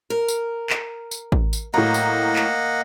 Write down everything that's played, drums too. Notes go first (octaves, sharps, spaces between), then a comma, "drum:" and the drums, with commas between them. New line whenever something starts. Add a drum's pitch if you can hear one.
A#4
drum: tambourine
drum: clap
drum: tambourine
drum: kick A1
drum: tambourine
A2 F#3 A#3 D#5 F#5 A#5
drum: tambourine
drum: clap